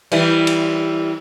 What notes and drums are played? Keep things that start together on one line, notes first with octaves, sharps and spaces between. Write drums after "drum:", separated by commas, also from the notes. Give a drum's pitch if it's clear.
E3 G3, drum: cymbal
drum: cymbal